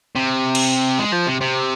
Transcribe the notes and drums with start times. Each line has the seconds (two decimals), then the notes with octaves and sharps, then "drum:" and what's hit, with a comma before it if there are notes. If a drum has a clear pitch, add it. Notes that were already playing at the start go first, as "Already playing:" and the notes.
0.15 C3
0.55 drum: cymbal
0.99 G#3
1.13 F3
1.27 C3
1.41 C3